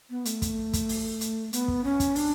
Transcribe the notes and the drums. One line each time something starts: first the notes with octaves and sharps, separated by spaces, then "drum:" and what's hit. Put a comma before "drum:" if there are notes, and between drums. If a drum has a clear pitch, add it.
B3
A3, drum: hi-hat
drum: kick, hi-hat
drum: kick, hi-hat
drum: open hi-hat
drum: hi-hat
B3, drum: hi-hat
drum: kick
C#4
drum: kick, hi-hat
D4, drum: open hi-hat